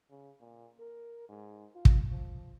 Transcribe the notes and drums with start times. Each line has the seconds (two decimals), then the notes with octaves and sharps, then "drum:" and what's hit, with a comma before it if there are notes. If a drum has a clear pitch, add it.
0.10 C#3
0.40 A#2
0.80 A#4
1.29 G#2
1.75 F4
1.85 drum: kick
2.12 F3